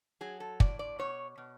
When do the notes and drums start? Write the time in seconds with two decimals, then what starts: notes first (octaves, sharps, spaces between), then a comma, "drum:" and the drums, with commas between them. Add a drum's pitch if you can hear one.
0.21 F#3 G#4
0.40 A4
0.60 A2 D5, drum: kick
0.79 D5
0.99 B2 C#5
1.38 B2